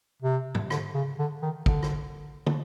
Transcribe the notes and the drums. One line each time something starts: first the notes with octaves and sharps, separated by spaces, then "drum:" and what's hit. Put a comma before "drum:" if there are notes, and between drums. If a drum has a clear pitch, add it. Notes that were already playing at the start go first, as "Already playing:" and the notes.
C3
drum: tom
D3, drum: rim click
C#3
D3
D#3
D3, drum: kick
drum: rim click
drum: tom